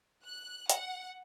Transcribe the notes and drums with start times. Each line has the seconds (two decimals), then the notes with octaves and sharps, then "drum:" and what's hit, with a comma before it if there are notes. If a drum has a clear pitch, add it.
0.25 F#6
0.69 F#5, drum: hi-hat